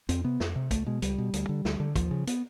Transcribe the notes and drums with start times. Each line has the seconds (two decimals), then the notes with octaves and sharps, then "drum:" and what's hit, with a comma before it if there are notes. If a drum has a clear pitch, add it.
0.09 F2 C4, drum: hi-hat
0.24 C3 B3
0.40 F2, drum: snare
0.56 C3
0.71 C#2 A3, drum: kick, hi-hat
0.86 B2 G#3
1.02 C#2 G3, drum: hi-hat
1.18 B2
1.33 D2, drum: hi-hat
1.49 D3
1.65 D2, drum: snare
1.80 D3
1.96 D#2 F3, drum: kick, hi-hat
2.11 C#3
2.27 B3, drum: hi-hat